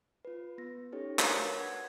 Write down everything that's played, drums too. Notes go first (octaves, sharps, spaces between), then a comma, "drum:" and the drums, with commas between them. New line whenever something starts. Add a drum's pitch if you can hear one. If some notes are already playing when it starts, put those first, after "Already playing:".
F4 B4
B3 A#6
C#4 D#4 G4 A4 C#5
F#4 A#4 B4 C#5, drum: clap
F#5 G#6